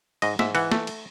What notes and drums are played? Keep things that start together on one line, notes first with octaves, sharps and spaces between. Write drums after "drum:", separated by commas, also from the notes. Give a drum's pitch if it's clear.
G#2 D#5, drum: cymbal
G#2 E5, drum: snare
E3 F#5, drum: cymbal
A3, drum: snare
drum: cymbal